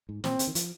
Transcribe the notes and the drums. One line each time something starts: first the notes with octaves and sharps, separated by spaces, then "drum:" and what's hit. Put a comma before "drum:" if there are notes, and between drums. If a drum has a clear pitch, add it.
G#2
A#2 C4, drum: snare
C#3, drum: hi-hat
D#3
F3, drum: hi-hat